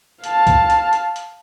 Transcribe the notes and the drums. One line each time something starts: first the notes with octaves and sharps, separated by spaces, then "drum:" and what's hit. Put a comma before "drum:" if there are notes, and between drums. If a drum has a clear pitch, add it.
F5 A5, drum: hi-hat
drum: kick C#2, hi-hat
drum: hi-hat
drum: hi-hat
drum: hi-hat